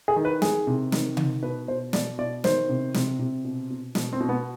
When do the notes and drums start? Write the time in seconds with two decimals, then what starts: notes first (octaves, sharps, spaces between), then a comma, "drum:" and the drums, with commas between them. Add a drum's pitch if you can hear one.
0.08 G#4
0.16 D#3
0.25 B4
0.42 D#3 G#4, drum: snare
0.67 C3
0.92 D#3, drum: snare
1.17 D#3, drum: tom C3
1.43 B2 B4
1.68 B2 C5
1.93 B2 D5, drum: snare
2.18 B2 D5
2.44 D#3 C5, drum: snare
2.69 C3
2.94 C3, drum: snare
3.19 C3
3.45 B2
3.70 B2
3.95 B2, drum: snare
4.13 C4
4.20 B2
4.29 B3